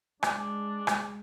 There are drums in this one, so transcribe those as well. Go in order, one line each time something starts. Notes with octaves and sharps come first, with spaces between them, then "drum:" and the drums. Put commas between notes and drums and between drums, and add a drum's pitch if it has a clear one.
G#3 D4, drum: rim click
drum: rim click